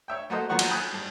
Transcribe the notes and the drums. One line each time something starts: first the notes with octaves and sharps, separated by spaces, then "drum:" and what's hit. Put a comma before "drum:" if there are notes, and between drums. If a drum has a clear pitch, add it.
C#5 E5 G5
A3 A#3 F#4 A4 C5 D#5
A#2 F3 F#3 B3 F#5 C#6
drum: cymbal
G5 G#5 B5 D#6 F#6
G2